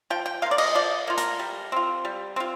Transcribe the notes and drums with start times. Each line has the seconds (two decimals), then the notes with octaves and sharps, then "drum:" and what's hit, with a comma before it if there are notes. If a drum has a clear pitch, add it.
0.10 F3 G5
0.26 G5
0.42 A#3 F4 F5
0.51 D5
0.58 D#5, drum: cymbal
0.75 F3 D5
1.07 A#3 F4
1.18 A#4, drum: hi-hat
1.39 G3
1.72 C4 F4
2.05 G3
2.36 C4 F4